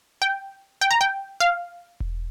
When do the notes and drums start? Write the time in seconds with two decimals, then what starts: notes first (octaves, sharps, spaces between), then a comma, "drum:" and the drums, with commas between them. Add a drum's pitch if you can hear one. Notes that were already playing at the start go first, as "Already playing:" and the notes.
0.22 G5
0.81 G5
0.91 A#5
1.01 G5
1.40 F5
2.00 drum: kick E1